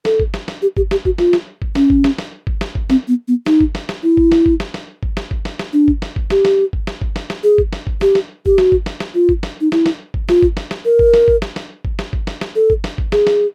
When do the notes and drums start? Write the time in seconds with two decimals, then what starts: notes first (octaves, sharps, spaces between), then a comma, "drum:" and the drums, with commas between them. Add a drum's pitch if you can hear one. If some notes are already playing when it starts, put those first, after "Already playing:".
0.05 A4, drum: snare
0.20 drum: kick G1
0.34 drum: snare
0.48 drum: snare
0.62 G4
0.77 G4, drum: kick G1
0.91 G4, drum: snare
1.05 F#4, drum: kick G1
1.18 F4, drum: snare
1.33 drum: snare
1.62 drum: kick G1
1.75 C#4, drum: snare
1.90 drum: kick G1
2.04 drum: snare
2.18 drum: snare
2.47 drum: kick G1
2.61 drum: snare
2.75 drum: kick G1
2.90 C4, drum: snare
3.08 B3
3.28 B3
3.46 D#4, drum: snare
3.61 drum: kick G1
3.75 drum: snare
3.89 drum: snare
4.03 E4
4.17 drum: kick G1
4.32 drum: snare
4.46 drum: kick G1
4.60 drum: snare
4.74 drum: snare
5.03 drum: kick G1
5.17 drum: snare
5.31 drum: kick G1
5.45 drum: snare
5.59 drum: snare
5.73 D4
5.88 drum: kick G1
6.02 drum: snare
6.16 drum: kick G1
6.30 G4, drum: snare
6.45 drum: snare
6.73 drum: kick G1
6.87 drum: snare
7.02 drum: kick G1
7.16 drum: snare
7.30 drum: snare
7.44 G#4
7.58 drum: kick G1
7.73 drum: snare
7.87 drum: kick G1
8.01 G4, drum: snare
8.15 drum: snare
8.46 G4, drum: kick G1
8.58 F#4, drum: snare
8.72 drum: kick G1
8.86 drum: snare
9.00 drum: snare
9.15 F4
9.29 drum: kick G1
9.43 drum: snare
9.61 D#4
9.72 E4, drum: snare
9.86 drum: snare
10.14 drum: kick G1
10.29 F4, drum: snare
10.42 drum: kick G1
10.57 drum: snare
10.71 drum: snare
10.85 A#4
10.99 drum: kick G1
11.14 drum: snare
11.28 drum: kick G1
11.42 drum: snare
11.56 drum: snare
11.85 drum: kick G1
11.99 drum: snare
12.13 drum: kick G1
12.27 drum: snare
12.41 drum: snare
12.56 A4
12.70 drum: kick G1
12.84 drum: snare
12.98 drum: kick G1
13.12 G#4, drum: snare
13.27 drum: snare